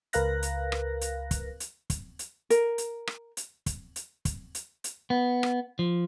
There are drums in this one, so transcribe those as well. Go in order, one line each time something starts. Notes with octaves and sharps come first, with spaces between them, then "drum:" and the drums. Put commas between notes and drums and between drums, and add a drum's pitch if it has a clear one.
C#2 A#4 B4 F5 F#6 A#6, drum: hi-hat
drum: hi-hat
drum: rim click
drum: hi-hat
drum: kick, hi-hat
drum: hi-hat
drum: kick, hi-hat
drum: hi-hat
A#4, drum: hi-hat
drum: hi-hat
drum: rim click
drum: hi-hat
drum: kick, hi-hat
drum: hi-hat
drum: kick, hi-hat
drum: hi-hat
drum: hi-hat
B3
drum: rim click
F3